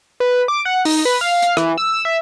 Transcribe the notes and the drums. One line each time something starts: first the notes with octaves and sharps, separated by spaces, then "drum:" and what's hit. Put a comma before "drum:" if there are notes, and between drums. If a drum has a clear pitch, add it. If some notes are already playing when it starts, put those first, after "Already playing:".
B4
D6
F#5
D#4, drum: open hi-hat
B4
F5
drum: hi-hat
E3, drum: rim click
E6
E5